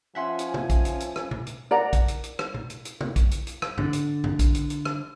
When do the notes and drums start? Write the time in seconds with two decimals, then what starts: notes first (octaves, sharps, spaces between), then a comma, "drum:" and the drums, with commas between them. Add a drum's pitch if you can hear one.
0.15 F3 C#4 E5 F#5 G#5 C6
0.39 drum: hi-hat
0.54 drum: tom C3
0.70 drum: kick, hi-hat
0.85 drum: hi-hat
1.00 drum: hi-hat
1.16 drum: rim click
1.31 drum: tom B2
1.47 drum: hi-hat
1.71 A#4 D5 F#5 A#5
1.93 drum: kick, hi-hat
2.08 drum: hi-hat
2.24 drum: hi-hat
2.39 drum: rim click
2.54 drum: tom B2
2.70 drum: hi-hat
2.85 drum: hi-hat
3.01 drum: tom C3
3.16 drum: kick, hi-hat
3.31 drum: hi-hat
3.47 drum: hi-hat
3.62 drum: rim click
3.78 D3, drum: tom G2
3.93 drum: hi-hat
4.24 drum: tom G2
4.39 drum: kick, hi-hat
4.55 drum: hi-hat
4.70 drum: hi-hat
4.85 drum: rim click